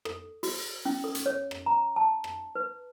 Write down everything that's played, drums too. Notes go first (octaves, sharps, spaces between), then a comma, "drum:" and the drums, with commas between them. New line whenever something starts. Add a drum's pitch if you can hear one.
A4, drum: rim click
F#4, drum: open hi-hat
C#4
A4
drum: hi-hat
C#5
drum: rim click
A#5
A5
drum: rim click
B4